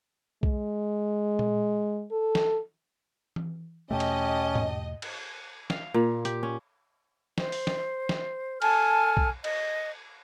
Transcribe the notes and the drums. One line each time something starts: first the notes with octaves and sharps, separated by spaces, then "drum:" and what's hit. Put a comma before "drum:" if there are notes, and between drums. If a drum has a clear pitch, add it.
G#3, drum: kick B1
drum: tom A#2
A4
drum: snare
drum: tom E3
E2 B2 A3 C#4 G4 D#5 A5
drum: cymbal
drum: tom G#2
drum: cymbal
F5, drum: snare
A#2
G4, drum: hi-hat
C#4
C5, drum: snare
drum: open hi-hat
drum: snare
drum: snare
A4 G#5 A5 F6, drum: cymbal
drum: kick B1
D#5, drum: cymbal